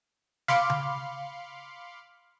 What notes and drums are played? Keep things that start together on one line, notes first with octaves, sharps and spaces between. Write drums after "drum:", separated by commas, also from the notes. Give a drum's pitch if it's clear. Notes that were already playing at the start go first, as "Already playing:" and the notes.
F5 B5 C6 D6 C#7, drum: snare
drum: tom C#3